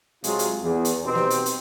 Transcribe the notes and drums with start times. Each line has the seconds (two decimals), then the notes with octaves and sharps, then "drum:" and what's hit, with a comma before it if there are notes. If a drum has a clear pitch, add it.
0.24 C3 F#3 G#3 F4, drum: hi-hat
0.39 drum: hi-hat
0.62 E2
0.85 drum: hi-hat
1.04 B2 C4 D#4 G4 B4 C5
1.15 drum: snare
1.30 drum: hi-hat
1.46 drum: hi-hat